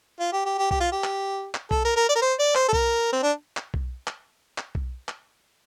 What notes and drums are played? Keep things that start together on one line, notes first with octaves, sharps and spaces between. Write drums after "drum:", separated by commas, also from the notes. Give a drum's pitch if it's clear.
F4
G4
G4
G4
G4, drum: kick B1
F4
G4
drum: clap
drum: clap
A4, drum: kick B1
A#4
A#4
D5
A#4
C5
D5
C5, drum: clap
A4
A#4, drum: kick B1
C4
D4
drum: clap
drum: kick B1
drum: clap
drum: clap
drum: kick B1
drum: clap